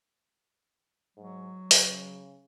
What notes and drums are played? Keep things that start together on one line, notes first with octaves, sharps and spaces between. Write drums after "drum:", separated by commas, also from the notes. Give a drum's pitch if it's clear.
G#2 F#3
C#3, drum: open hi-hat